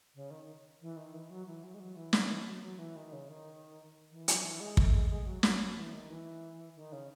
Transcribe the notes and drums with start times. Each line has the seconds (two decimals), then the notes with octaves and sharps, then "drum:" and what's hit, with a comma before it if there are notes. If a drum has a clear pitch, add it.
0.15 C#3
0.31 D#3
0.81 E3
0.97 D#3
1.14 E3
1.30 F#3
1.47 E3
1.64 F#3
1.74 G#3
1.80 F#3
1.96 E3
2.13 D#3, drum: snare
2.30 E3
2.46 F#3
2.62 F#3
2.79 E3
2.96 D#3
3.12 C#3
3.29 D#3
4.11 E3
4.28 F#3, drum: hi-hat
4.44 E3
4.60 G#3
4.77 A3, drum: kick
4.94 G#3
5.10 G#3
5.26 F#3
5.43 F#3, drum: snare
5.60 F#3
5.76 E3
5.93 D#3
6.10 E3
6.76 D#3
6.92 C#3